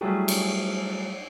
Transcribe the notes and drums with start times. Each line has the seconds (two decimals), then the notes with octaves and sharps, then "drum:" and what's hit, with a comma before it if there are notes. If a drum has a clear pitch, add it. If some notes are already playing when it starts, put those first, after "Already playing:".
0.01 F#3 G3 A3 E4 G#4
0.28 drum: cymbal